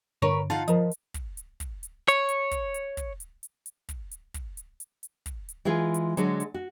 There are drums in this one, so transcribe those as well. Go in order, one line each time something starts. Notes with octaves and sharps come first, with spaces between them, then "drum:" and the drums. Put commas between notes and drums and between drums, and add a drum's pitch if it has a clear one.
G2 D3 A#4 B4 C#5
D#4 F4 F5 F#5 A5
F3 A#4 D#5, drum: hi-hat
drum: hi-hat
drum: kick, hi-hat
drum: hi-hat
drum: kick, hi-hat
drum: hi-hat
C#5, drum: hi-hat
drum: hi-hat
drum: kick, hi-hat
drum: hi-hat
drum: kick, hi-hat
drum: hi-hat
drum: hi-hat
drum: hi-hat
drum: kick, hi-hat
drum: hi-hat
drum: kick, hi-hat
drum: hi-hat
drum: hi-hat
drum: hi-hat
drum: kick, hi-hat
drum: hi-hat
E3 G#3 F4 G#4
drum: hi-hat
D3 F#3 G#3 D4 C#5, drum: hi-hat
drum: hi-hat
F#4